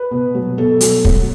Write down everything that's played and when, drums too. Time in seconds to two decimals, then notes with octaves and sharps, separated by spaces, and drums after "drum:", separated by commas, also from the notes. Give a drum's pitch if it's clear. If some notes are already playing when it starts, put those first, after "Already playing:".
Already playing: B4
0.11 B2
0.35 F#3
0.57 B2 A4
0.81 F#3, drum: hi-hat
1.05 F#3, drum: kick